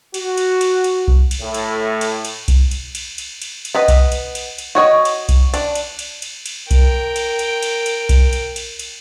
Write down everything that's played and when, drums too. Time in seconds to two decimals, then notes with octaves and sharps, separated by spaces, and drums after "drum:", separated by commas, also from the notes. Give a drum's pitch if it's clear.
0.14 F#4, drum: cymbal
0.38 drum: cymbal
0.61 drum: cymbal
0.84 drum: cymbal
1.08 drum: kick B1
1.31 drum: cymbal
1.40 A2
1.54 drum: cymbal
2.01 drum: cymbal
2.25 drum: cymbal
2.48 drum: kick B1, cymbal
2.71 drum: cymbal
2.95 drum: cymbal
3.18 drum: cymbal
3.42 drum: cymbal
3.65 drum: cymbal
3.75 B3 B4 D#5
3.88 drum: kick B1, cymbal
4.12 drum: cymbal
4.35 drum: cymbal
4.58 drum: cymbal
4.75 F#4 C#5 D#5
5.05 drum: cymbal
5.29 drum: kick B1, cymbal
5.54 D4, drum: cymbal
5.75 drum: cymbal
5.99 drum: cymbal
6.22 drum: cymbal
6.46 drum: cymbal
6.71 A#4 G5, drum: kick B1, cymbal
7.16 drum: cymbal
7.39 drum: cymbal
7.63 drum: cymbal
7.86 drum: cymbal
8.09 drum: kick B1, cymbal
8.33 drum: cymbal
8.56 drum: cymbal
8.79 drum: cymbal